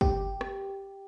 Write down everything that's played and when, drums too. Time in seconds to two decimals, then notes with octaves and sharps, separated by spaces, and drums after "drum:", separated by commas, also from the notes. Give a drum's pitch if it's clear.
0.01 G4, drum: kick
0.41 drum: rim click